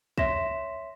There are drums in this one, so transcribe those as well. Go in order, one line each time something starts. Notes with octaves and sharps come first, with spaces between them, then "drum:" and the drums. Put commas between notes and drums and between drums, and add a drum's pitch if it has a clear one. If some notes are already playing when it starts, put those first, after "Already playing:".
C#5 E5 C6 A#6 B6 E7, drum: kick